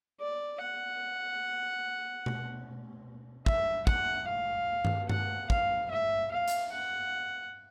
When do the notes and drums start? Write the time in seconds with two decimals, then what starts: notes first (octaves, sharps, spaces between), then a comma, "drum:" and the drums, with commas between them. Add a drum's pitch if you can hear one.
0.21 D5
0.61 F#5
2.26 drum: tom B2
3.46 E5, drum: kick
3.87 F#5, drum: kick
4.27 F5
4.85 drum: tom G2
5.09 F#5, drum: tom G2
5.50 F5, drum: kick
5.90 E5
6.31 F5
6.48 drum: hi-hat
6.72 F#5